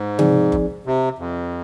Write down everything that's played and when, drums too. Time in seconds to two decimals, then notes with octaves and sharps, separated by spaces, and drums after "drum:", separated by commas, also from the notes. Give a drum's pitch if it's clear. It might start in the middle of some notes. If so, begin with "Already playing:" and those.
Already playing: G#2
0.19 F3 C4 D#4 G#4 D5, drum: tom C3
0.52 drum: kick F#1
0.86 C3
1.19 F2